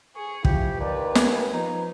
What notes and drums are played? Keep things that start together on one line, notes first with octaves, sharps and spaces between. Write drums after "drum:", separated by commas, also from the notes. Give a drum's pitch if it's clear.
G#4 C#6
F3 E4 G4, drum: kick
D#2 B4 D5
G#5, drum: snare
F3 D#4